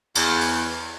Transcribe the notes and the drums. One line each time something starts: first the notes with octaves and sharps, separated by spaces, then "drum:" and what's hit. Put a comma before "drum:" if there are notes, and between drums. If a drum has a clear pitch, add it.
E2, drum: cymbal
drum: open hi-hat